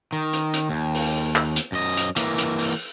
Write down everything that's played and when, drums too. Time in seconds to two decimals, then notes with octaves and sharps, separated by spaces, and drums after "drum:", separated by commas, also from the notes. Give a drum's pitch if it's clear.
0.13 D#3
0.33 drum: hi-hat
0.54 drum: hi-hat
0.69 D#2
0.95 drum: open hi-hat
1.36 drum: clap
1.56 drum: hi-hat
1.72 F#2 D#5
1.97 drum: hi-hat
2.16 E3 A#3, drum: hi-hat
2.38 drum: hi-hat
2.59 drum: open hi-hat